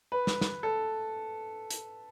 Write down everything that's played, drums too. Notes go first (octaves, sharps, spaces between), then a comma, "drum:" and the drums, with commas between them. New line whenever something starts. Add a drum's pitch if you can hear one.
B4
drum: snare
drum: snare
A4
drum: hi-hat